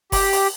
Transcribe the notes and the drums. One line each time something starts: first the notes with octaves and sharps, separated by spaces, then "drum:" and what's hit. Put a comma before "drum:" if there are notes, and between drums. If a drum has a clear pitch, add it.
G4, drum: kick F1, open hi-hat
drum: open hi-hat